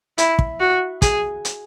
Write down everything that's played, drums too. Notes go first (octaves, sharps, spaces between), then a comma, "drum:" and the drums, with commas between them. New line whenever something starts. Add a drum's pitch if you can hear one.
E4, drum: hi-hat
drum: kick
F#4
G#4, drum: kick, hi-hat
drum: hi-hat